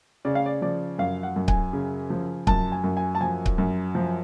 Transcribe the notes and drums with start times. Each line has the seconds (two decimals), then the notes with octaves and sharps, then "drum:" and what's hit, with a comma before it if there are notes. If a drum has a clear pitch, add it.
0.25 C#3 D5
0.35 F5
0.46 D5
0.62 F3 D5
0.99 F#2 F5
1.23 F#5
1.36 F#2
1.48 G#5, drum: kick C#1
1.73 C#3
2.10 F3
2.47 F#2 A5, drum: kick C#1
2.72 G#5
2.84 F#2
2.97 G#5
3.15 A5
3.21 F3 G#5
3.46 drum: kick C#1
3.58 F#2
3.95 F3